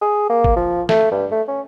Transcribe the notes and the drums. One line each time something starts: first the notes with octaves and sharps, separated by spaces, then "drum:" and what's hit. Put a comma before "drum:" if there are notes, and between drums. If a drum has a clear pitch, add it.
G#4
A#3
drum: kick
F3
A3, drum: snare
G2
A3
C#4